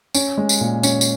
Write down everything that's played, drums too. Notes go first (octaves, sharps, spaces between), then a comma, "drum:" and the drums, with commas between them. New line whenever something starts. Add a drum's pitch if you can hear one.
C#4, drum: tambourine
G#3
drum: tambourine
A#2
C#4, drum: tambourine
drum: tambourine